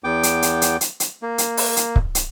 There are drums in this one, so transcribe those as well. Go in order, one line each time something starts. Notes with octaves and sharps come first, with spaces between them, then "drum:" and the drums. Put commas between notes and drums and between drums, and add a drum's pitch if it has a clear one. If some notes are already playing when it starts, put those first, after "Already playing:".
E2 B3 G5 D6
drum: hi-hat
drum: hi-hat
drum: hi-hat
drum: hi-hat
drum: hi-hat
A#3
drum: hi-hat
drum: open hi-hat
drum: hi-hat
drum: kick C#1
drum: hi-hat